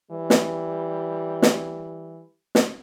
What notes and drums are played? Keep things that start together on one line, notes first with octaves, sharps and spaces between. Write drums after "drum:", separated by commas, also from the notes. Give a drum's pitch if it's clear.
E3 G3
drum: snare
drum: snare
drum: snare